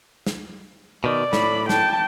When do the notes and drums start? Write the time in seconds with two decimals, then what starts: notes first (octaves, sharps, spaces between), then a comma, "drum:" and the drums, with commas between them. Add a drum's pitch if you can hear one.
0.27 drum: snare
1.04 B2 D#3 D5
1.33 A2 B5, drum: snare
1.69 G5 A5, drum: snare